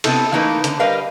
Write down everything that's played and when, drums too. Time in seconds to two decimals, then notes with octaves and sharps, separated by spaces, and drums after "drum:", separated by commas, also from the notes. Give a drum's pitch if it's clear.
0.04 C3 B3 E4 A4, drum: cymbal
0.32 E3 A3 A#3 D#4 B4
0.64 D3, drum: hi-hat
0.80 G3 G4 A#4 B4 D#5 F5